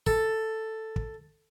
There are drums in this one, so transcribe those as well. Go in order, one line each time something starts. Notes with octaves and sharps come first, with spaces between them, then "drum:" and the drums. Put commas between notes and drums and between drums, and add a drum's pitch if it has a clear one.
A4, drum: kick
drum: kick